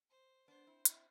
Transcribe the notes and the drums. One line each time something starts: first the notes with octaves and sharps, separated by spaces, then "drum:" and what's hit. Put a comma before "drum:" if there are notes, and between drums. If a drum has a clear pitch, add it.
C5
B3 D4 C5
C4 E4
C4 E4, drum: hi-hat